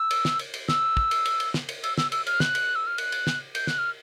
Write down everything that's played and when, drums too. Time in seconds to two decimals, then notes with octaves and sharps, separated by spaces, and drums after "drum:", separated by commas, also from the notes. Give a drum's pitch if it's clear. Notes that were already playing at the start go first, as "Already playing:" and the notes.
Already playing: E6
0.11 drum: cymbal
0.25 drum: snare
0.39 drum: cymbal
0.54 drum: cymbal
0.69 E6, drum: snare
0.97 drum: kick
1.11 drum: cymbal
1.25 drum: cymbal
1.40 drum: cymbal
1.54 drum: snare
1.69 drum: cymbal
1.84 E6, drum: cymbal
1.98 E6, drum: snare
2.12 E6, drum: cymbal
2.27 F6, drum: cymbal
2.40 F#6, drum: snare
2.55 drum: cymbal
2.75 E6
2.87 F6
2.98 F#6, drum: cymbal
3.12 drum: cymbal
3.27 drum: snare
3.55 G6, drum: cymbal
3.67 F#6, drum: snare
3.78 F6